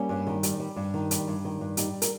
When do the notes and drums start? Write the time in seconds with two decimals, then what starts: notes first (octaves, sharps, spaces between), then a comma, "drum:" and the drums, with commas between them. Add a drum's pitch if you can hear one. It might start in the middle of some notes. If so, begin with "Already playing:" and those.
Already playing: G3 A#3 C#4
0.09 G2
0.27 D#3
0.43 G3, drum: hi-hat
0.60 G3
0.76 G2
0.94 D#3
1.11 G3, drum: hi-hat
1.28 G2
1.45 D#3
1.61 G2
1.77 G3 D#4 G4, drum: hi-hat
2.02 A#4, drum: hi-hat